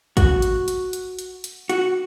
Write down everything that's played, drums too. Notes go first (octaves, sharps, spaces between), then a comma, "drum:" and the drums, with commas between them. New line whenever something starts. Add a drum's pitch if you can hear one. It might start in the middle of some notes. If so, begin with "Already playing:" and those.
F#4, drum: kick, hi-hat
drum: hi-hat
drum: hi-hat
drum: hi-hat
drum: hi-hat
drum: hi-hat
F#4, drum: hi-hat